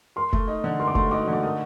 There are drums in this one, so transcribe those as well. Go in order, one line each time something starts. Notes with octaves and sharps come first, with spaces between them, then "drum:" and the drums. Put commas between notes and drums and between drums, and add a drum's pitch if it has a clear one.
A#4 C6
A3, drum: kick F1
D#4
D3
A#4 C6
D6
A3 C6, drum: kick F1
D#4 D6
D3
D6
A#4 D#6